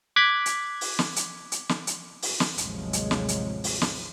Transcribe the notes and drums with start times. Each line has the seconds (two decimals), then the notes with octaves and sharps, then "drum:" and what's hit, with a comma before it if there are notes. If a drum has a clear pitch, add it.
0.16 D6 F#6 G#6 B6
0.46 drum: hi-hat
0.81 drum: open hi-hat
0.99 drum: snare
1.16 drum: hi-hat
1.52 drum: hi-hat
1.69 drum: snare
1.87 drum: hi-hat
2.22 drum: open hi-hat
2.40 drum: snare
2.58 A1 D#2 C3 F3 F#3 G#3, drum: hi-hat
2.93 drum: hi-hat
3.11 drum: snare
3.28 drum: hi-hat
3.64 drum: open hi-hat
3.82 drum: snare